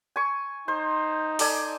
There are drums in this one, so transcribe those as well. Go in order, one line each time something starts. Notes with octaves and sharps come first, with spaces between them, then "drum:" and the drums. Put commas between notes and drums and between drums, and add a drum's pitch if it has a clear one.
G#5 C#6
D#4 C5
A4 D5 G#5, drum: open hi-hat